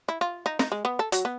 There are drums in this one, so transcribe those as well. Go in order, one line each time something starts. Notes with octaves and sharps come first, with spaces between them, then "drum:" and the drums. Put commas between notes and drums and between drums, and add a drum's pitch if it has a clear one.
E4
F4
D#4
D#4, drum: snare
G#3
B3
A4
F#3, drum: hi-hat
B3